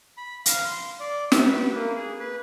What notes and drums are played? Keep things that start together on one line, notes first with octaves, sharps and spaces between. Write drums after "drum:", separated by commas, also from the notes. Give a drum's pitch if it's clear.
B5
F5, drum: hi-hat
C6
D5
E5, drum: snare
B4
A#3
G#4
B4